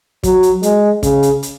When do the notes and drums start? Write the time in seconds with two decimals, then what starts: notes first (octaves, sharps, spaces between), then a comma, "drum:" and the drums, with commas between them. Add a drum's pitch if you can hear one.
0.23 F#3, drum: kick, hi-hat
0.43 drum: hi-hat
0.63 G#3, drum: hi-hat
1.03 C#3, drum: kick, hi-hat
1.23 drum: hi-hat
1.43 drum: hi-hat